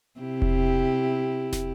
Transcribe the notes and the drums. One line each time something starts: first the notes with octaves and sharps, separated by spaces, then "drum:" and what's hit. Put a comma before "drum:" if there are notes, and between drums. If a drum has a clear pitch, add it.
C3 E4 G4
drum: kick E1
drum: snare